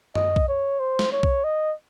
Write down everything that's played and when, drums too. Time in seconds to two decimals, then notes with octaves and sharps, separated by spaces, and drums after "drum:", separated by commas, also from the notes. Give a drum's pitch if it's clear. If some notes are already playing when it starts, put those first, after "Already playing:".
0.15 D#5, drum: tom F#2
0.36 drum: kick B1
0.48 C#5
0.80 C5
0.99 drum: snare
1.12 C#5
1.23 drum: kick B1
1.44 D#5